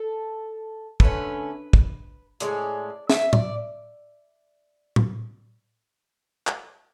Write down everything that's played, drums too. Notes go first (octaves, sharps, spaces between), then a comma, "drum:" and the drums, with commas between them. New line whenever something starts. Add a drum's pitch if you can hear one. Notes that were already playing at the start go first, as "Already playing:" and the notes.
Already playing: A4
D3 A3 C#4 B4, drum: kick
drum: kick
A2 G#3 C#4 D5, drum: hi-hat
E5, drum: snare
D5, drum: tom A2
drum: tom A2
drum: clap